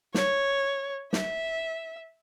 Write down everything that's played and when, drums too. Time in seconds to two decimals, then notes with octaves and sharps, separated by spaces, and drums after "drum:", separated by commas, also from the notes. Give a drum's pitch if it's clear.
0.14 C#5, drum: snare
1.13 E5, drum: snare